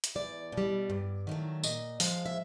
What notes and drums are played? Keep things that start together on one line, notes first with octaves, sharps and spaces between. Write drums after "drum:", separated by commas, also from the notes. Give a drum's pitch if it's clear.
drum: hi-hat
E2 D5
B2
G3
G2
D#3 F#3 A3
A#2 D#5, drum: tambourine
F3 G#3 F5, drum: open hi-hat
E5